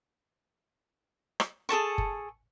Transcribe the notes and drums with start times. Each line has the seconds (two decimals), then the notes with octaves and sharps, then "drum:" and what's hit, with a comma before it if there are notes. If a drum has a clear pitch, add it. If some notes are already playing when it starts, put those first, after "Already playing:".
1.40 drum: rim click
1.69 G#4 A4 A5 C#6
1.98 drum: kick F#1